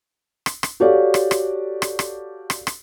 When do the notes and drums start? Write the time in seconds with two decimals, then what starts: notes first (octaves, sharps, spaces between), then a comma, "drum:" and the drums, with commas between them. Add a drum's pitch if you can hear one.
0.46 drum: rim click
0.63 drum: rim click
0.80 F#4 G4 A4 C#5 D5 F5
1.14 drum: rim click
1.31 drum: rim click
1.82 drum: rim click
1.99 drum: rim click
2.50 drum: rim click
2.67 drum: rim click